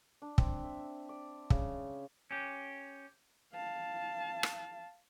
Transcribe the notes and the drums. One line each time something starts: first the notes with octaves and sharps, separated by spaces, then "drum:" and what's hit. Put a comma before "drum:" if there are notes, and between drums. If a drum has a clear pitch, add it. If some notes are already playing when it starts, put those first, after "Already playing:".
D4
C4, drum: kick
E5
D5
C#3, drum: kick
C#4 G4
F5 A5
drum: rim click